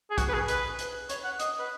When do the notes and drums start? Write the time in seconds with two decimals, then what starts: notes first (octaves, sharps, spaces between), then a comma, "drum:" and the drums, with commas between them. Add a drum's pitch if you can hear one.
0.11 G#4
0.18 F#4, drum: kick, hi-hat
0.28 B4
0.33 G#4
0.48 B4, drum: hi-hat
0.79 drum: hi-hat
1.09 C#5, drum: hi-hat
1.24 F#5
1.40 D#5, drum: hi-hat
1.59 B4